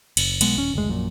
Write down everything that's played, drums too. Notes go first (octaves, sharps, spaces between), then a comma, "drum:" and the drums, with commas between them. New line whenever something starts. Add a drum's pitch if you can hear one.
F#1, drum: cymbal
B1 G#3 B3, drum: cymbal
D#1 C#4
F#1 D2 G#3
A#1 F#2 A#2